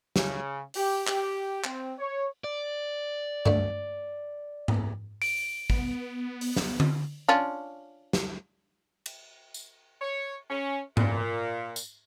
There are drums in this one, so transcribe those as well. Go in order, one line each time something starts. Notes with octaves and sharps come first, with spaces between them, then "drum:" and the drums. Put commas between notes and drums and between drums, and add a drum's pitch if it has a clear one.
C#3, drum: snare
G4, drum: open hi-hat
G4, drum: clap
C4, drum: clap
C#5
D5
D3 A3 D4, drum: tom G2
drum: tom G#2
D7, drum: open hi-hat
B3, drum: kick
drum: open hi-hat
drum: snare
drum: tom D3
C#4 D4 F4
drum: snare
drum: cymbal
drum: tambourine
C#5
C#4
A#2, drum: tom G#2
drum: tambourine